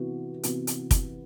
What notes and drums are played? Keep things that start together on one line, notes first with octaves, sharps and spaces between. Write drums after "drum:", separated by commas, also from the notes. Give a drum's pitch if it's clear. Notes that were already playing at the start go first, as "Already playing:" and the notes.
Already playing: C3 E3 B3 F#4
C3 E3 B3 F#4, drum: hi-hat
drum: hi-hat
drum: kick, hi-hat